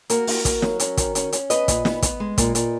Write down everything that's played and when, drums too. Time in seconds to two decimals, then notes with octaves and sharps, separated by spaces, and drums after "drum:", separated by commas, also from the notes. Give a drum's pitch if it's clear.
0.10 A#3 F#4 A#4, drum: hi-hat
0.27 A#3, drum: open hi-hat
0.45 A#3, drum: kick, hi-hat
0.62 F#3, drum: snare
0.79 C#4, drum: hi-hat
0.97 D#3, drum: kick, hi-hat
1.15 C#4, drum: hi-hat
1.32 C#4, drum: hi-hat
1.50 B3 B4 D#5, drum: hi-hat
1.68 A#2, drum: kick, hi-hat
1.85 B3, drum: snare
2.02 B3, drum: kick, hi-hat
2.20 G#3
2.38 A#2, drum: kick, hi-hat
2.55 A#2, drum: hi-hat